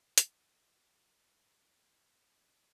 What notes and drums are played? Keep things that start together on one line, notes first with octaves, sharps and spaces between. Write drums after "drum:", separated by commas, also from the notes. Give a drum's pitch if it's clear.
D#4 E4 F#4 A4 A#4 D#5, drum: hi-hat